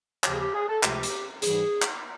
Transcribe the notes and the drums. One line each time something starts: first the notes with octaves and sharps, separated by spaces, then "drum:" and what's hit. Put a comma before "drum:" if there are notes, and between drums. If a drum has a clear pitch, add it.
D#2 C#3 F3 G4, drum: clap
G#4
G4
G#4
A4
C#2 C3 F3 A3 G4, drum: clap
drum: hi-hat
G#2 E3 G3 G#4, drum: hi-hat
drum: clap